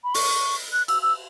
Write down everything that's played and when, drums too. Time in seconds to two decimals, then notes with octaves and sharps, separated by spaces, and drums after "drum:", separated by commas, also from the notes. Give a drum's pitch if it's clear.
0.04 B5
0.14 C#6, drum: open hi-hat
0.73 F#6
0.88 E6, drum: cymbal
1.02 E6